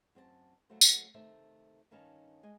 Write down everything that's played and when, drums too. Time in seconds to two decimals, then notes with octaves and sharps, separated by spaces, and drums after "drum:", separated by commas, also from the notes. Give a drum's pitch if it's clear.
0.15 F#2 C4 G4 A5
0.70 C#3 F#3 A3 A#3 F#4 C5
0.81 drum: tambourine
1.14 C3 D#3 A3 C5 E5
1.91 G2 D#3 C#4 D#4 F5 A5
2.43 G#3 D#5 G#5